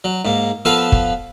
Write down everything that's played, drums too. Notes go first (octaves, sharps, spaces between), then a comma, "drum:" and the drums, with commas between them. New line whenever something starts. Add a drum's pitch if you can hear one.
F#3
G#2 A#3
F3 B3 A4 B4 F5
drum: kick